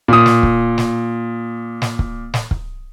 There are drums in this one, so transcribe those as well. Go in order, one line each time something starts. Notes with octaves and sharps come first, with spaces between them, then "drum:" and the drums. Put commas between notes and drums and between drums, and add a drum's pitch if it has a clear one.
A#2 D#6
drum: snare
drum: kick
drum: snare
drum: snare
drum: kick
drum: snare
drum: kick